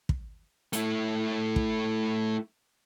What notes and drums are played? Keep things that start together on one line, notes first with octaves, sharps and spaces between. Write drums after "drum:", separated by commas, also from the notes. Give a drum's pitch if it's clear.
drum: kick
A3 E4, drum: hi-hat
drum: kick